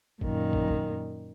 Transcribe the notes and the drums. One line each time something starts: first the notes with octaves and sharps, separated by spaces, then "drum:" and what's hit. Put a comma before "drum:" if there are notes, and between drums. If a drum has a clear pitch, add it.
F#2 A#2 D#3, drum: kick
drum: kick
drum: kick